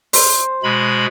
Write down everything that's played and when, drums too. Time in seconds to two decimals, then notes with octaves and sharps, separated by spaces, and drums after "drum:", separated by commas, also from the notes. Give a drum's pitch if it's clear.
0.13 C5, drum: open hi-hat
0.63 B2 G#3 B5